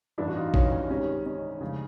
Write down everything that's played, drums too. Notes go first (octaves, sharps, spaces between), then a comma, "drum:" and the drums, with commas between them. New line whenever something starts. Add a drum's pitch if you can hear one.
A1 G2 E3 D4 E4
F#4
D#4 F4
C#4 D#4, drum: kick A1
C#4
C2 C3 D#3 G#3 C#4
C#4 D#4
D2 C#3 F3 G#3